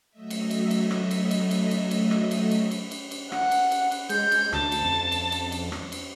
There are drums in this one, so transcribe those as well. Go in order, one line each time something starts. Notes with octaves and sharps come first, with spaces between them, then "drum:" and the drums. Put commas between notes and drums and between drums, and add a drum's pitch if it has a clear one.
F#3 A3 D#5 E5
drum: cymbal
drum: cymbal
drum: cymbal
drum: rim click
drum: cymbal
drum: cymbal
drum: cymbal
drum: cymbal
drum: cymbal
drum: rim click
drum: cymbal
drum: cymbal
drum: cymbal
drum: cymbal
drum: cymbal
F#5, drum: rim click
drum: cymbal
drum: cymbal
drum: cymbal
G#3 G6, drum: cymbal
drum: cymbal
D2 A5, drum: rim click
drum: cymbal
F2
drum: cymbal
drum: cymbal
drum: cymbal
drum: rim click
drum: cymbal